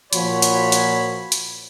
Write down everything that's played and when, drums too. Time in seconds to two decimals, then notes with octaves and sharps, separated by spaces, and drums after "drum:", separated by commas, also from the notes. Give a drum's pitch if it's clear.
0.13 A#2 F3 F4 F#4 C#5 B5, drum: hi-hat
0.42 drum: hi-hat
0.72 drum: hi-hat
1.32 drum: hi-hat